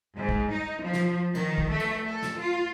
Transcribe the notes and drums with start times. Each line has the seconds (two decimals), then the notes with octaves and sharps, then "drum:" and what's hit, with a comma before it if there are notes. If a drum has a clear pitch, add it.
0.15 G#2
0.29 drum: kick
0.50 D#4
0.81 F3
0.93 drum: snare
1.35 D#3, drum: cymbal
1.58 drum: kick
1.70 A3
1.79 drum: cymbal
2.06 A4
2.23 drum: snare
2.39 F4